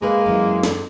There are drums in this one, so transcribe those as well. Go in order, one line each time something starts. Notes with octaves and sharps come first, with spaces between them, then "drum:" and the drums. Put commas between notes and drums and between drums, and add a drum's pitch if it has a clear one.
G#3 A#3 A#4 B4
F#2 E3
drum: snare